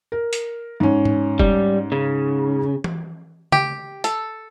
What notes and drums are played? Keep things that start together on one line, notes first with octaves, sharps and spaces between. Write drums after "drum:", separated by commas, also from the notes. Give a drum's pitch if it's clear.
A#4
drum: hi-hat
G#2 C#4
drum: tom G#2
G3, drum: kick
C#3
drum: tom E3
G4, drum: tom C#3
A4, drum: hi-hat